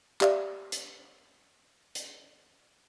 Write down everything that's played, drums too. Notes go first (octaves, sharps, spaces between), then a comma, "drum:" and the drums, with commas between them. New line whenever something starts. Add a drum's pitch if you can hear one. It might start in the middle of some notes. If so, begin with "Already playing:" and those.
G4 D5 E5 F5, drum: clap
drum: hi-hat
drum: hi-hat